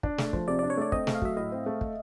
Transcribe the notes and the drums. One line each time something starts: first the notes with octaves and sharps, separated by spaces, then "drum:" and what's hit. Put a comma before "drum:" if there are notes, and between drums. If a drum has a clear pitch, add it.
D4, drum: kick
A3, drum: snare
F3, drum: kick
C3 D5
D4 D5
C#5
A3 D5
C4 D#5, drum: kick
A3, drum: snare
F5
F#3 E5, drum: kick
A2 D#5
C4
A3
drum: kick